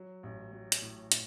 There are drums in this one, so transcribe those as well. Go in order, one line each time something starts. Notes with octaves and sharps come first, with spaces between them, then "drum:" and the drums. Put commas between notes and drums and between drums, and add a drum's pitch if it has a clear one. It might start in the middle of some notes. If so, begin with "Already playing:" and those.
Already playing: F#3
A1
F#3
drum: hi-hat
A2
A2, drum: hi-hat